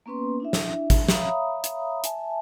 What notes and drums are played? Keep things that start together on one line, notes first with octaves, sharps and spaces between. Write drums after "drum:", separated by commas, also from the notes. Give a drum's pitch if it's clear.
A#3 B3 C#4 B4 C6
D4 E4 E5
drum: snare
drum: kick G#1, hi-hat
C#5 E5 F5 A#5 B5 D#6, drum: snare
drum: hi-hat
E5 G#5 A5, drum: hi-hat